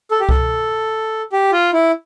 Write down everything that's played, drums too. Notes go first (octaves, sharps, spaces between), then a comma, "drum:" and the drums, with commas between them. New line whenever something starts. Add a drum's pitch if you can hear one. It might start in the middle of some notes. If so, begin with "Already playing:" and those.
A4
G4
A4, drum: kick C2
G4
F4
E4